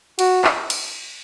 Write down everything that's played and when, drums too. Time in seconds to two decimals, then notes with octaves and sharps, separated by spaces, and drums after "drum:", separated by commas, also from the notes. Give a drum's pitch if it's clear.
0.19 F#4, drum: cymbal
0.44 drum: clap
0.70 drum: cymbal